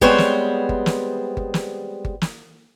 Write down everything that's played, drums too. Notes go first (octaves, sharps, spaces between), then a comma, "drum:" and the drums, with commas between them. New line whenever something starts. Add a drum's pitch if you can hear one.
G3 G#3 B3 C4 C5 C#5, drum: kick G1
drum: snare
drum: kick G1
drum: snare
drum: kick G1
drum: snare
drum: kick G1
drum: snare